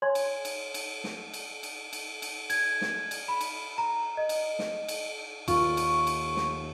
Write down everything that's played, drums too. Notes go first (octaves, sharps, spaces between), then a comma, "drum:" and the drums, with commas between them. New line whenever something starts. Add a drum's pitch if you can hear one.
C#5 G#5 C6 G#6
drum: cymbal
drum: cymbal
drum: cymbal
drum: snare
drum: cymbal
drum: cymbal
drum: cymbal
drum: cymbal
G#6, drum: cymbal
drum: snare
drum: cymbal
B5
drum: cymbal
A#5
D#5
drum: cymbal
drum: snare
drum: cymbal
D#2 F4 C#6, drum: cymbal
drum: cymbal
drum: cymbal
drum: snare